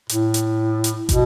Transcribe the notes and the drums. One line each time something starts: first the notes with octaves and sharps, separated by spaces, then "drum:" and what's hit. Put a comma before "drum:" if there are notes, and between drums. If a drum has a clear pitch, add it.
A2, drum: hi-hat
drum: hi-hat
drum: hi-hat
B2, drum: kick, hi-hat